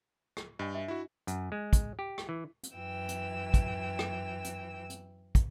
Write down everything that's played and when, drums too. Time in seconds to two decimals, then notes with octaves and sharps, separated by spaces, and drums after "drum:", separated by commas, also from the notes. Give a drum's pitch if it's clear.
0.37 drum: rim click
0.59 G2 D#5 G#5
0.74 D4 E5
0.88 E4 F#4
1.27 F#2, drum: hi-hat
1.52 G#3
1.73 drum: kick, hi-hat
1.99 G4
2.18 drum: rim click
2.29 E3
2.63 drum: hi-hat
2.75 F#2 E3 G5 E6
3.08 drum: hi-hat
3.54 drum: kick, hi-hat
3.99 drum: rim click
4.44 drum: hi-hat
4.90 drum: hi-hat
5.35 drum: kick, hi-hat